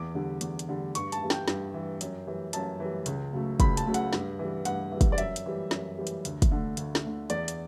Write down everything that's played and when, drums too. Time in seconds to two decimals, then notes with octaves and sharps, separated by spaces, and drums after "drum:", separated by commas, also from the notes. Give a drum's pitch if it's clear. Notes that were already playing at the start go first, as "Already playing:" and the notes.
Already playing: E2 D6
0.15 D3 G3
0.41 E2, drum: hi-hat
0.59 drum: hi-hat
0.69 D3 G3
0.95 G2 C#6, drum: hi-hat
1.12 A5, drum: hi-hat
1.22 E3 G3
1.30 G5, drum: snare
1.48 G2, drum: snare
1.74 E3 G3
2.01 F#2, drum: hi-hat
2.27 E3 G3
2.53 F#2 A5, drum: hi-hat
2.80 E3 G3
3.06 C#2, drum: hi-hat
3.33 C#3 F#3 A3
3.60 C#2 B5, drum: kick, hi-hat
3.77 A5, drum: hi-hat
3.86 C#3 F#3 A3
3.94 F#5, drum: hi-hat
4.13 G2, drum: snare
4.39 E3 G3
4.65 G2 F#5, drum: hi-hat
4.92 E3 G3
5.01 drum: kick, hi-hat
5.12 D5
5.18 F#2 E5, drum: hi-hat
5.36 drum: hi-hat
5.46 E3 G3
5.71 F#2, drum: snare
5.98 E3 G3
6.07 drum: hi-hat
6.25 D2, drum: hi-hat
6.42 drum: kick, hi-hat
6.51 D3 A3
6.77 D2, drum: hi-hat
6.95 drum: snare
7.04 D3 A3
7.30 E2 D5, drum: hi-hat
7.48 drum: hi-hat